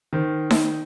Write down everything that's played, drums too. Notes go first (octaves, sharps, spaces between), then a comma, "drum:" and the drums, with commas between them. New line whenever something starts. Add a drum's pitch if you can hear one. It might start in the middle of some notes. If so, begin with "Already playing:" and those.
D#3 C5
drum: snare D#4